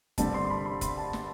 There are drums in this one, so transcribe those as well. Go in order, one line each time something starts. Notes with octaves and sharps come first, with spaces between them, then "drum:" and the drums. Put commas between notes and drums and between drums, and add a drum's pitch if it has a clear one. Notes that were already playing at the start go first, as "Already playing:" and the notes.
G2 D3 G3 C4 A5, drum: kick F#1, hi-hat
C6
C6
B5
C6
B5, drum: kick F#1, hi-hat
A5
B5, drum: snare